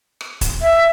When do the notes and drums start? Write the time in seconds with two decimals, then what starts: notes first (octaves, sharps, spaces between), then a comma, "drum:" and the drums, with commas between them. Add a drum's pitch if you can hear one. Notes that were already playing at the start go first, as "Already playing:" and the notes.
0.21 drum: rim click
0.41 drum: kick, hi-hat
0.62 E5